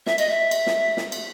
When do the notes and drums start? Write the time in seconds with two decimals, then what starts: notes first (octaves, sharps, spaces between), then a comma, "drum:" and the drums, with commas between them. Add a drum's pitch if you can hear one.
0.06 E5, drum: snare
0.18 D#5, drum: cymbal
0.30 E5
0.51 drum: cymbal
0.67 drum: snare
0.97 drum: snare
1.12 drum: cymbal